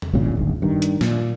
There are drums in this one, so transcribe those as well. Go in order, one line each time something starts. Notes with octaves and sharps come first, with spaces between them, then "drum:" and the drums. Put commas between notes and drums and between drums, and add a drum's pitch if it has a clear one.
drum: tom E2
G#1 G2 A#2 C#3
D1 G1 D#2
G2 D#3
drum: hi-hat
A#2, drum: snare